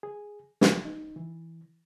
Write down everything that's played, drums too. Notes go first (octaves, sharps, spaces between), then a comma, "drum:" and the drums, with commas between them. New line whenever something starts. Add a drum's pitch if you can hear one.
G#4
G#6, drum: snare
D#4
E3